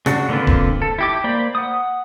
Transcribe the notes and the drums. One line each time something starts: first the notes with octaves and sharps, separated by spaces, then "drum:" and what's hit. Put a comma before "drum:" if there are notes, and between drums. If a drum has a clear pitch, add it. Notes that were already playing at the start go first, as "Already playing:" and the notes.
C#3 D4 F#4, drum: rim click
D3 A#3 C4 F4 B4
drum: kick D1
A4
E4 G4 D6
A#3 C5 D5 B5
F#5 D#6